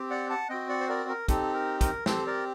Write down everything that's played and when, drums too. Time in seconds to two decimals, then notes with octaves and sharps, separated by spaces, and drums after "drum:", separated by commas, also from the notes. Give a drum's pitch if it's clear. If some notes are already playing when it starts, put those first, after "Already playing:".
Already playing: C4 G4
0.10 D5 F#5
0.30 F#5 A5
0.49 C4 F#4 D#5 G5
0.69 D5 F#5
0.81 C5
0.89 A#4 D5
1.09 A#4
1.28 C4 D#4 G4 A4, drum: kick, hi-hat
1.54 A#4
1.81 A#4, drum: kick, hi-hat
2.06 C4 G4 A4 C5, drum: snare
2.27 A#4 D5